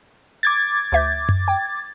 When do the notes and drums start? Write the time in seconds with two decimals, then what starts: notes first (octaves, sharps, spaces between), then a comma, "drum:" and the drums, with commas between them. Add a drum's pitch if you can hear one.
0.43 D6 G#6 A6
0.92 D2 E5 G6
1.29 drum: tom F#2
1.48 G5